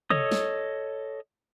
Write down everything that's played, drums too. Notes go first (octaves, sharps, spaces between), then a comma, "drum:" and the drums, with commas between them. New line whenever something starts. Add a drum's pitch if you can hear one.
A4 C#5 D#5 D#6, drum: tom
drum: snare